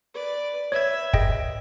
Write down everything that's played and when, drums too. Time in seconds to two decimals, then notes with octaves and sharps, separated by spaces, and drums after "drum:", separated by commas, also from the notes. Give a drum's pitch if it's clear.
0.14 B4 D5
0.72 B4 C#5 E5 G#6
1.13 G#4 D#5 G5, drum: kick F#1